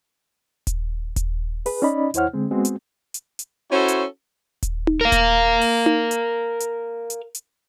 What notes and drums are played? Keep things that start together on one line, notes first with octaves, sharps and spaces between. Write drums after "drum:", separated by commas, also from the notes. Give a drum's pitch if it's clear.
drum: kick D#1, hi-hat
drum: kick D#1, hi-hat
G#4 B4, drum: open hi-hat
C#4 D#4 D5 D#5 B5
D#2 E4 C5 C#5 F#5 F6, drum: hi-hat
D3 G#3 C4
G#3 B3 C4 F#4 G#4
drum: hi-hat
drum: hi-hat
drum: hi-hat
C#4 E4 F#4 A4 C5 C#5
drum: hi-hat
drum: kick D#1, hi-hat
drum: tom D#4
A#4 F5
drum: kick D#1, hi-hat
drum: open hi-hat
drum: tom D#4
drum: hi-hat
drum: hi-hat
drum: hi-hat
drum: hi-hat